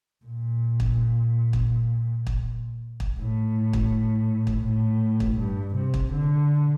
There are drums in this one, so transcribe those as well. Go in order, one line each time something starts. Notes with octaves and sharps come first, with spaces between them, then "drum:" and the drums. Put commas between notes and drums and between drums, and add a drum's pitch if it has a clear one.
A#2
drum: kick
drum: kick
drum: kick
drum: kick
A2
drum: kick
drum: kick
A2
drum: kick
G2
C3
drum: kick
D3